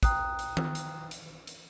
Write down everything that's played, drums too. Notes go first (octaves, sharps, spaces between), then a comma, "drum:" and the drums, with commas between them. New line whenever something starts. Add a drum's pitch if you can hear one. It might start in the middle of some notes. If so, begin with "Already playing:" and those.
G5 A#5 D#6 F#6, drum: kick, hi-hat
drum: hi-hat
drum: tom D#3
drum: hi-hat
drum: hi-hat
drum: hi-hat